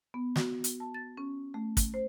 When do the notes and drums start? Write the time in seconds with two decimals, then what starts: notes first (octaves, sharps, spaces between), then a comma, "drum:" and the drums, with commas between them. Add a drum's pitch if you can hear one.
0.14 B3
0.36 F#4, drum: snare
0.64 drum: hi-hat
0.80 A5
0.94 A6
1.17 C#4
1.54 A3
1.77 drum: kick, hi-hat
1.94 C5